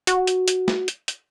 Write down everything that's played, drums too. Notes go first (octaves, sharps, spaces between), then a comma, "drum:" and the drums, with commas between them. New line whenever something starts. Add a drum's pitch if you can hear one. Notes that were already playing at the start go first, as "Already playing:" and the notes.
F#4, drum: hi-hat
drum: hi-hat
drum: hi-hat
drum: snare
drum: hi-hat
drum: hi-hat